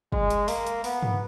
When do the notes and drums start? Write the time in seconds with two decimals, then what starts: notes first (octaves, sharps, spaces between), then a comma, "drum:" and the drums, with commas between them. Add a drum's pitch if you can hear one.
0.12 G#3, drum: kick
0.30 drum: hi-hat
0.48 A#3, drum: open hi-hat
0.67 drum: hi-hat
0.84 B3, drum: open hi-hat
1.03 drum: tom G2